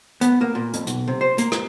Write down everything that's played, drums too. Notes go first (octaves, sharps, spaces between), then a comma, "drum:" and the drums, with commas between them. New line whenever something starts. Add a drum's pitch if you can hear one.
B3, drum: hi-hat
A#3
A#2
F2, drum: hi-hat
B1, drum: hi-hat
C3
C5
A#3, drum: hi-hat
drum: rim click